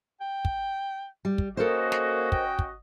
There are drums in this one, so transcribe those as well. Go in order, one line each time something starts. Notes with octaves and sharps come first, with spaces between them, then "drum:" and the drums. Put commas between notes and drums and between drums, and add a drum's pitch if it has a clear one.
G5
drum: kick
G3
drum: kick
A#3 C#4 F#4 A4 A#4 C5 D#5
drum: snare
G5, drum: kick
drum: kick